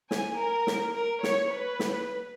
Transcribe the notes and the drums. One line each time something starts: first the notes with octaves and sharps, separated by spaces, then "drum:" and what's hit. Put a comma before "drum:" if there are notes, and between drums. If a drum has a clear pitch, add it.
G#5, drum: snare
A#4
drum: snare
A#4
C#5, drum: snare
B4
drum: snare